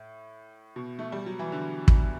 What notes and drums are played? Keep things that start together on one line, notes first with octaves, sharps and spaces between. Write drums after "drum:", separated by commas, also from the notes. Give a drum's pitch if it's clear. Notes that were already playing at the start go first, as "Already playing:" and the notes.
Already playing: A2
B2
A3
G3
F#3
E3
D3
drum: kick